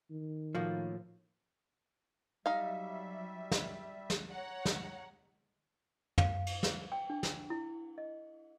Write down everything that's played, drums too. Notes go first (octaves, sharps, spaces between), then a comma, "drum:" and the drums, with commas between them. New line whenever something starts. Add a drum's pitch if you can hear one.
D#3
A2 F3 A#3 F#4
F#3 G3 D#4 E5 F5
drum: snare
drum: snare
C#5 F#5 A#5
drum: snare
F5, drum: tom
drum: cymbal
C5, drum: snare
G5
D4
drum: snare
E4
D#5